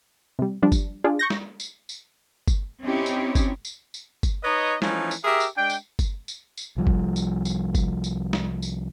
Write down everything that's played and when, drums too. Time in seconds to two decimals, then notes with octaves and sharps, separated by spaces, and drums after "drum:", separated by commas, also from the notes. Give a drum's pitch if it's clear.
0.39 C3 G3
0.62 F3 G3 D4
0.72 drum: kick G1, tambourine
1.04 D4 F4 G#4 D5
1.19 C#6 G6 A#6
1.30 drum: snare
1.60 drum: tambourine
1.89 drum: tambourine
2.48 drum: kick G1, tambourine
2.82 C4 C#4 D#4 E4 G4 C#5
3.06 drum: tambourine
3.35 drum: kick G1, tambourine
3.65 drum: tambourine
3.94 drum: tambourine
4.23 drum: kick G1, tambourine
4.44 D#4 B4 C#5 D#5
4.82 E3 F3 A3 C#4 D#4, drum: snare
5.11 drum: tambourine
5.25 G4 G#4 A#4 E5
5.40 drum: tambourine
5.57 G#3 D4 G5
5.70 drum: tambourine
5.99 drum: kick G1, tambourine
6.28 drum: tambourine
6.57 drum: tambourine
6.77 C2 F3 G3
6.87 drum: kick G1
7.16 drum: tambourine
7.45 drum: tambourine
7.75 drum: kick G1, tambourine
8.04 drum: tambourine
8.33 drum: snare
8.62 drum: tambourine